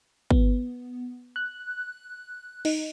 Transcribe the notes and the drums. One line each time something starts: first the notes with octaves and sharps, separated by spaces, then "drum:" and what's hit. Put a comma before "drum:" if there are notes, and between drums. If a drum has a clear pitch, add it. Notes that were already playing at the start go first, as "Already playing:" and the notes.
B3, drum: kick
F#6
D#4, drum: cymbal